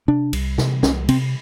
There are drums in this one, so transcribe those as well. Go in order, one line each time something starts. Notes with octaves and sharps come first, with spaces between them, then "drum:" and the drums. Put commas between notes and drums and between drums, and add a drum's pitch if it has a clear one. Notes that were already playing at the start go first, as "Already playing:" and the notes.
C3 D4
C2, drum: cymbal
C3, drum: snare
C2 C#4, drum: snare
C3 C4, drum: cymbal